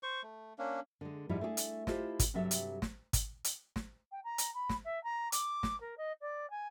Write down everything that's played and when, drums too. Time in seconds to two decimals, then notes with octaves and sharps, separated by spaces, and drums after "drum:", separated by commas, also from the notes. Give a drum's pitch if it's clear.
0.03 C5 C#6
0.23 A3
0.58 A#3 C#4 D4
1.01 D3 G#3
1.29 G#2 F3 G3 D#4 E4
1.41 A3 D4 E4 G4 G#4
1.57 drum: hi-hat
1.87 E4 F4 G4 A4 C5 D#5, drum: snare
2.19 drum: kick, hi-hat
2.34 G2 C3 F#3 G4 A4 E5
2.51 drum: hi-hat
2.82 drum: snare
3.13 drum: kick, hi-hat
3.44 drum: hi-hat
3.76 drum: snare
4.12 G5
4.24 A#5
4.38 drum: hi-hat
4.54 B5
4.69 drum: snare
4.85 E5
5.04 A#5
5.32 D6, drum: hi-hat
5.63 drum: snare
5.81 A#4
5.98 D#5
6.22 D5
6.51 G#5